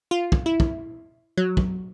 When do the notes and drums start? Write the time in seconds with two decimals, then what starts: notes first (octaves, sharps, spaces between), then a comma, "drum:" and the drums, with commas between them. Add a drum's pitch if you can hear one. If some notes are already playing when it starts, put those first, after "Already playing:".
0.11 F4
0.32 drum: kick
0.46 E4
0.60 drum: kick
1.37 F#3
1.57 drum: kick